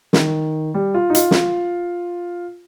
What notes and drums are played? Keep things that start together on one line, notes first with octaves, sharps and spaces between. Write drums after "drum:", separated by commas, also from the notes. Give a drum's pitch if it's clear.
D#3, drum: snare
G3
F4
D#4
F4, drum: hi-hat
drum: snare